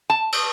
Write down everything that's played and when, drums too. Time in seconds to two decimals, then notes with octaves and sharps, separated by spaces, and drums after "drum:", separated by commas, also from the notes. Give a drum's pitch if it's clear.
0.10 A5
0.32 drum: cymbal